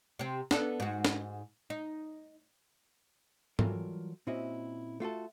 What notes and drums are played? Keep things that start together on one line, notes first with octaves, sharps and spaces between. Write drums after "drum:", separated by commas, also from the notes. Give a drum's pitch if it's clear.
C3 C4
B3 D4 A4, drum: snare
G#2 F#4
drum: snare
D#4
E3 F#3 G3 F4 A4 A#4, drum: tom G#2
A#2 C4 C#4 E4 F#4 D#5
A3 F4 F#4 A4